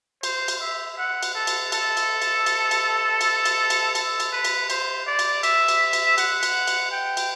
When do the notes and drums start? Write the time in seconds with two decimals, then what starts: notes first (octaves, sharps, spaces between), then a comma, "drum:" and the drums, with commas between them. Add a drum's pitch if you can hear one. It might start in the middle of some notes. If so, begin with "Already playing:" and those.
0.23 C5, drum: cymbal
0.48 drum: cymbal
0.61 E5
0.98 F#5
1.23 drum: cymbal
1.35 A4
1.47 drum: cymbal
1.72 A4, drum: cymbal
1.97 drum: cymbal
2.22 drum: cymbal
2.46 drum: cymbal
2.71 drum: cymbal
3.21 drum: cymbal
3.45 drum: cymbal
3.70 drum: cymbal
3.95 A4, drum: cymbal
4.20 drum: cymbal
4.32 B4
4.45 drum: cymbal
4.70 C5, drum: cymbal
5.07 D5
5.19 drum: cymbal
5.43 E5, drum: cymbal
5.68 drum: cymbal
5.93 drum: cymbal
6.18 F#5, drum: cymbal
6.43 drum: cymbal
6.68 drum: cymbal
6.92 G5
7.17 drum: cymbal